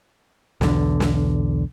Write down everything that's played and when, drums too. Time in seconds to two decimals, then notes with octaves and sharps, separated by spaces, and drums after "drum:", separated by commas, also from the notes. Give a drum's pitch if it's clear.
0.61 B1 E2 D3, drum: snare
1.00 drum: snare